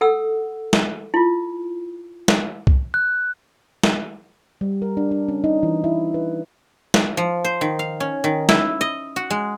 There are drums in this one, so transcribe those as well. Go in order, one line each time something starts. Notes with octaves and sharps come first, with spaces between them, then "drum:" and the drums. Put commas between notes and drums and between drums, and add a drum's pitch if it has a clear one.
A4 F#5 E6
drum: snare
E4 F4
drum: snare
drum: kick C2
F#6
drum: snare
G3
A#4
D4
D4
C#4
D#4
E3
E4
B4
drum: snare
F3
C5
D#3
F5
C#4
D#3
E4, drum: snare
D#5
F#4
G#3